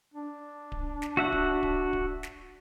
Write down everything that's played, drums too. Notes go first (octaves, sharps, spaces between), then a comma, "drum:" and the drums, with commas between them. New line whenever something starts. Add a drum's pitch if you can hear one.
D4
drum: kick D1
drum: snare
F#4 E5 F#5
drum: kick D1
drum: kick D1
drum: kick D1
drum: snare